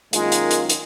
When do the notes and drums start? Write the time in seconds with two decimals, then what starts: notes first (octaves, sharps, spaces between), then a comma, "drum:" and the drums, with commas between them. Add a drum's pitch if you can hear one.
0.13 F#2 D#3 G#3 A#3 F4, drum: hi-hat
0.32 drum: hi-hat
0.51 drum: hi-hat
0.70 drum: hi-hat